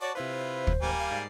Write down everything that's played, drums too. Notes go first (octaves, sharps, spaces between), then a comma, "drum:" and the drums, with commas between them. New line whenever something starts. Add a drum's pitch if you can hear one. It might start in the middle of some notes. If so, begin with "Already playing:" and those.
F#4 C#5 D5 A5
C3 E4 F4 B4 C5
drum: kick
G#1 G3 A#3 G#5
F5 C7
G#2 D5 C7